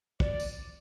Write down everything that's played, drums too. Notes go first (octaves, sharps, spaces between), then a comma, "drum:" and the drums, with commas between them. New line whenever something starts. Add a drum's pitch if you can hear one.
D5, drum: kick
drum: tambourine